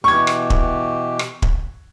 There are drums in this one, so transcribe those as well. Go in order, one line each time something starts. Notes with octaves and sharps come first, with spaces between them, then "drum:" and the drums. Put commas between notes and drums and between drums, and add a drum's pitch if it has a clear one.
B2 E3 G4 C#6 G#6
drum: rim click
drum: kick
drum: rim click
drum: kick